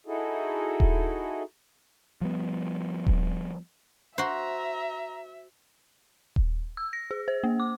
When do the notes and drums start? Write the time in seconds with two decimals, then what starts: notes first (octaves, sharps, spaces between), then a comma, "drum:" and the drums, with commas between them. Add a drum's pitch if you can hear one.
0.06 D#4 E4 F#4 G#4 A4
0.80 drum: kick D#1
2.21 F3 G3 B3
3.07 drum: kick D#1
4.18 F#4 C5 E5 A#5
6.36 drum: kick D#1
6.77 E6
6.93 A#6
7.11 G#4
7.28 C5
7.44 A#3
7.60 D6